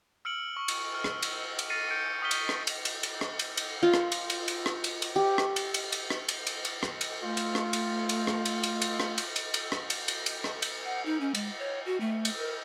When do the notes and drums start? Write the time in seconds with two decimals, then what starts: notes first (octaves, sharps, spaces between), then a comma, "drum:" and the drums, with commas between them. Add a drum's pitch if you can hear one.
0.25 E6 F6 C#7 D7 F#7
0.57 C#6
0.68 drum: cymbal
0.95 F6
1.04 drum: rim click
1.22 drum: cymbal
1.59 drum: cymbal
1.70 F6 A6 A#6 C7 C#7 D#7
1.90 G6 C#7 D7
2.22 C#6 D#6 F6 B6 D#7 G7
2.31 drum: cymbal
2.49 drum: rim click
2.67 drum: cymbal
2.85 drum: cymbal
3.03 drum: cymbal
3.21 drum: rim click
3.39 drum: cymbal
3.57 drum: cymbal
3.83 F4
3.94 drum: rim click
4.12 drum: cymbal
4.30 drum: cymbal
4.48 drum: cymbal
4.66 drum: rim click
4.84 drum: cymbal
5.02 drum: cymbal
5.16 G4
5.38 drum: rim click
5.56 drum: cymbal
5.74 drum: cymbal
5.92 drum: cymbal
6.10 drum: rim click
6.29 drum: cymbal
6.47 drum: cymbal
6.65 drum: cymbal
6.83 drum: rim click
7.01 drum: cymbal
7.23 A3 F4
7.37 drum: cymbal
7.55 drum: rim click
7.73 drum: cymbal
8.09 drum: cymbal
8.27 drum: rim click
8.45 drum: cymbal
8.63 drum: cymbal
8.82 drum: cymbal
9.00 drum: rim click
9.18 drum: cymbal
9.36 drum: cymbal
9.54 drum: cymbal
9.72 drum: rim click
9.90 drum: cymbal
10.08 drum: cymbal
10.26 drum: cymbal
10.44 drum: rim click
10.62 drum: cymbal
10.85 F#5
11.05 D#4
11.20 C#4
11.35 G#3, drum: cymbal
11.58 C#5
11.86 F#4
12.00 A3
12.25 drum: cymbal
12.38 A#4